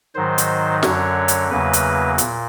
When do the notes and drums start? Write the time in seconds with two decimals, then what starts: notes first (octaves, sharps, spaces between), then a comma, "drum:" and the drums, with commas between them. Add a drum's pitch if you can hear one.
0.15 G#2 D#3 F#3 C5
0.38 drum: hi-hat
0.83 F#2 D3 F#3 C#5, drum: snare
1.28 drum: hi-hat
1.50 E2 C#3 F#3 A#3 B4
1.73 drum: hi-hat
2.18 A#2, drum: hi-hat